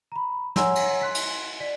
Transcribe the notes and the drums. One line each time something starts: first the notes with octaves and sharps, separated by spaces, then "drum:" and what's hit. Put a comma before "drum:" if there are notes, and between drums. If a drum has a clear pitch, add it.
A#5 B5
C#5 F#5 G#5 A#5 C6 E6, drum: snare
drum: cymbal
C6 F#6 B6
drum: cymbal
D5 B6